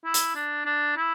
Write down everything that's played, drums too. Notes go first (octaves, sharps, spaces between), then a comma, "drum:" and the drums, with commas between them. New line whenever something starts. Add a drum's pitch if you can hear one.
E4
drum: hi-hat
D4
D4
E4